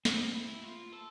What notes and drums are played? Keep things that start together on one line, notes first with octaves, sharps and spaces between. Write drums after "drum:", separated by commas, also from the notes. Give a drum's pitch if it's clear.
C4, drum: snare
E4
F4
A4